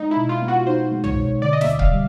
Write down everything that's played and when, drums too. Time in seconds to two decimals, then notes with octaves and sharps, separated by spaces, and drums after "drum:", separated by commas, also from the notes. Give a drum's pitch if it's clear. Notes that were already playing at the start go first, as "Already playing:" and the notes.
Already playing: G#3 D#4
0.11 E4
0.17 B2
0.29 F4
0.42 B3
0.48 F#4
0.66 D#4 C5
0.92 G#3
1.04 C#5, drum: tom
1.17 B2
1.42 D3 D5
1.53 D#5
1.61 E5, drum: snare
1.66 D2
1.79 F5, drum: kick C#1
1.92 G3